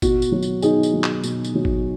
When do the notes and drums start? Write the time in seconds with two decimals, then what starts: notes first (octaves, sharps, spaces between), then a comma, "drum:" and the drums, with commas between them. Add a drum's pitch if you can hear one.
0.02 B2 F#4, drum: kick G#1, tambourine
0.22 drum: tambourine
0.32 F#3
0.43 drum: tambourine
0.62 B2 D#4 G#4, drum: tambourine
0.83 drum: tambourine
0.93 F#3
1.04 drum: clap
1.24 B2, drum: tambourine
1.45 drum: tambourine
1.55 F#3
1.65 drum: kick G#1